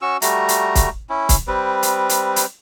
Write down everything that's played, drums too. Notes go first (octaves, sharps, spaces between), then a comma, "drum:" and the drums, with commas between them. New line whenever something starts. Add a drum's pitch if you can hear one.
C#4 F#4 C#6 E6
G3 A3 F#4 A#5, drum: hi-hat
drum: hi-hat
drum: kick, hi-hat
C#4 E4
drum: kick, hi-hat
G3 C4 B4
drum: hi-hat
drum: hi-hat
drum: hi-hat